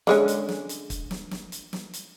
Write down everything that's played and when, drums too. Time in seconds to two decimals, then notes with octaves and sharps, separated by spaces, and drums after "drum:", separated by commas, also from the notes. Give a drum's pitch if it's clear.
0.07 D3 G#3 C#4, drum: snare
0.28 drum: hi-hat
0.49 drum: snare
0.69 drum: hi-hat
0.90 drum: kick, hi-hat
1.11 drum: snare
1.31 drum: snare
1.52 drum: hi-hat
1.73 drum: snare
1.93 drum: hi-hat